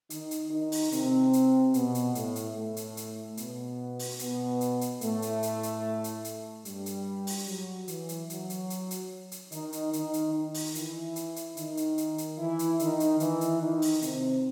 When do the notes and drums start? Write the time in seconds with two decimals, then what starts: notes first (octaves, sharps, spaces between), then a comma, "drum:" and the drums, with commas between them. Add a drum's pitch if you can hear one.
0.10 D#3 D#4, drum: hi-hat
0.31 drum: hi-hat
0.51 D#3 D#4
0.72 drum: open hi-hat
0.92 C3 C4, drum: hi-hat
1.33 drum: hi-hat
1.74 B2 B3, drum: hi-hat
1.95 drum: hi-hat
2.15 A2 A3, drum: hi-hat
2.36 drum: hi-hat
2.56 A2 A3
2.77 drum: hi-hat
2.97 drum: hi-hat
3.37 B2 B3, drum: hi-hat
3.99 drum: open hi-hat
4.19 B2 B3, drum: hi-hat
4.61 drum: hi-hat
4.81 drum: hi-hat
5.01 A2 A3, drum: hi-hat
5.22 drum: hi-hat
5.43 drum: hi-hat
5.63 drum: hi-hat
6.04 drum: hi-hat
6.24 drum: hi-hat
6.65 G2 G3, drum: hi-hat
6.86 drum: hi-hat
7.27 drum: open hi-hat
7.47 F#3
7.88 E3, drum: hi-hat
8.09 drum: hi-hat
8.30 F#3, drum: hi-hat
8.50 drum: hi-hat
8.70 drum: hi-hat
8.91 drum: hi-hat
9.32 drum: hi-hat
9.52 D#3 D#4, drum: hi-hat
9.72 drum: hi-hat
9.93 D#3 D#4, drum: hi-hat
10.13 drum: hi-hat
10.33 D#3 D#4
10.54 drum: open hi-hat
10.75 E3 E4, drum: hi-hat
11.16 drum: hi-hat
11.36 drum: hi-hat
11.57 D#3 D#4, drum: hi-hat
11.77 drum: hi-hat
11.98 drum: hi-hat
12.18 drum: hi-hat
12.38 E3 E4
12.59 drum: hi-hat
12.79 D#3 D#4, drum: hi-hat
13.00 drum: hi-hat
13.20 E3 E4, drum: hi-hat
13.41 drum: hi-hat
13.61 D#3 D#4
13.82 drum: open hi-hat
14.02 C3 C4, drum: hi-hat